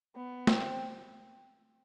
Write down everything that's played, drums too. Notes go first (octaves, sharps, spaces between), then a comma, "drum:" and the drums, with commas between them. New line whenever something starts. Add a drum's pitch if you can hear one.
B3
C4, drum: snare